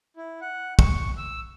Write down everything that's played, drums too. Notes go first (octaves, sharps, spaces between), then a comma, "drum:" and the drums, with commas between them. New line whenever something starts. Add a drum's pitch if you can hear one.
E4
F#5
C#6, drum: kick
E6